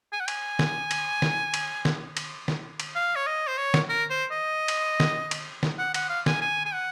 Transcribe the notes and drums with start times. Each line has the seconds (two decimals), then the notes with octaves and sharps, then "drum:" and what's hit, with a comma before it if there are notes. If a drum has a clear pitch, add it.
0.12 G#5
0.20 F#5
0.28 G#5, drum: cymbal
0.59 drum: snare D#3
0.91 drum: cymbal
1.22 drum: snare D#3
1.54 drum: cymbal
1.85 drum: snare D#3
2.17 drum: cymbal
2.48 drum: snare D#3
2.80 drum: cymbal
2.96 F5
3.16 C#5
3.27 D#5
3.47 C5
3.58 C#5
3.74 drum: snare D#3
3.89 A#4
4.10 C5
4.31 D#5
4.68 drum: cymbal
5.00 drum: snare D#3
5.31 drum: cymbal
5.63 drum: snare D#3
5.79 F#5
5.94 F#5, drum: cymbal
6.09 F5
6.26 G#5, drum: snare D#3
6.41 G#5
6.66 G#5
6.73 F#5